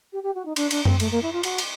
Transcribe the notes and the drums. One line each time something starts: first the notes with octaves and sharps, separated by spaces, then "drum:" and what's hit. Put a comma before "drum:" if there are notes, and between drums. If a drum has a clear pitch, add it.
G4
G4
F#4
D#4
D4, drum: cymbal
D4, drum: cymbal
C4, drum: tom F#2
A3, drum: cymbal
A#3
E4
F4
F#4, drum: cymbal
drum: cymbal